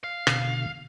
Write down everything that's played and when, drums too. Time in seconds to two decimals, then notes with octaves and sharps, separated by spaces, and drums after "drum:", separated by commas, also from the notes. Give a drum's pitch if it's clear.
0.04 F5
0.27 B2 D3, drum: rim click